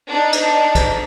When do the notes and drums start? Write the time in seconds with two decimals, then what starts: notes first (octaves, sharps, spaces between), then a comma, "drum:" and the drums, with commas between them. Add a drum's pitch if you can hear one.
0.11 D4 D#4
0.33 drum: cymbal
0.75 drum: kick, cymbal